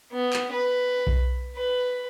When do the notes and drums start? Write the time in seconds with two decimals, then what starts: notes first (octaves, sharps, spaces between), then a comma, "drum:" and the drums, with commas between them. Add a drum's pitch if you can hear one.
0.12 B3
0.33 drum: clap
0.52 B4
1.07 drum: kick B1
1.56 B4